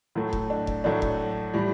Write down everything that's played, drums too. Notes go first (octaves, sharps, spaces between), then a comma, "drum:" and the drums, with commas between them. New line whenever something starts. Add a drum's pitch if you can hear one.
A2 F#3 A3
drum: kick F1
D4
drum: kick F1
A2 F#3 A3 D4
drum: kick F1
A2 E3 G3